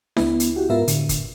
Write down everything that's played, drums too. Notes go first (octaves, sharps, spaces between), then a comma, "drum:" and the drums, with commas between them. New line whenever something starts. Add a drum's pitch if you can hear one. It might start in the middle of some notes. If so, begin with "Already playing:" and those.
C#2 B3 E4, drum: snare D4
drum: hi-hat
F#4 G4
G#2 B3 F4 A#4 E5
A2 D3, drum: hi-hat
drum: kick, hi-hat